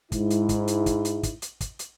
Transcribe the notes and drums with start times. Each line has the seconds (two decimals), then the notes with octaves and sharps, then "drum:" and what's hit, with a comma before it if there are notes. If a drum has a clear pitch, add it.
0.12 G#2 E4, drum: kick, hi-hat
0.30 drum: hi-hat
0.49 drum: kick, hi-hat
0.68 drum: hi-hat
0.86 drum: kick, hi-hat
1.05 drum: hi-hat
1.23 drum: kick, hi-hat
1.42 drum: hi-hat
1.61 drum: kick, hi-hat
1.79 drum: hi-hat